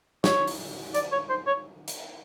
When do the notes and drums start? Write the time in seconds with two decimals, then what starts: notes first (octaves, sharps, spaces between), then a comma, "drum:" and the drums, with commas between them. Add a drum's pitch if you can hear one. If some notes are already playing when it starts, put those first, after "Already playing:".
0.24 C#5, drum: snare
0.47 drum: open hi-hat
0.94 D5, drum: hi-hat
1.12 C#5
1.29 C5
1.47 C#5
1.88 drum: hi-hat